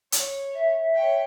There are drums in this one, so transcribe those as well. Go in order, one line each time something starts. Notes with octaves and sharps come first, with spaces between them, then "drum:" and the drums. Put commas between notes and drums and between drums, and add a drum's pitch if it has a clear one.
C#5, drum: hi-hat
E5
C#5 G5